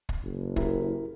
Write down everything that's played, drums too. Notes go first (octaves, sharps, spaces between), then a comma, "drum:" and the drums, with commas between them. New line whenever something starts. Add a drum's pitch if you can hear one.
drum: kick
F#1
E4 G4 A#4, drum: kick